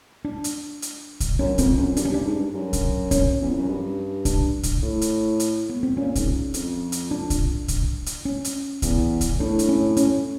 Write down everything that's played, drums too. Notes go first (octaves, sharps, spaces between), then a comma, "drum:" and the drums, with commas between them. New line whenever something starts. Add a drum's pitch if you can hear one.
D4
drum: hi-hat
drum: hi-hat
drum: kick B1, hi-hat
F#2 C#4
F2 C4, drum: kick B1, hi-hat
F#2 C#4
G2 D4, drum: hi-hat
C#4
G2 D4
G#2
G2
F#2
drum: kick B1, hi-hat
C#4, drum: kick B1, hi-hat
E2
F2
F#2
G2
D4, drum: kick B1, hi-hat
drum: kick B1, hi-hat
A2
drum: hi-hat
drum: hi-hat
B3
C4
A#2 C#4
G#2, drum: kick B1, hi-hat
F2, drum: hi-hat
drum: hi-hat
D4
drum: kick B1, hi-hat
drum: kick B1, hi-hat
drum: hi-hat
C#4
drum: hi-hat
E2, drum: kick B1, hi-hat
drum: kick B1, hi-hat
A2 D4
drum: hi-hat
C#4
C#4, drum: hi-hat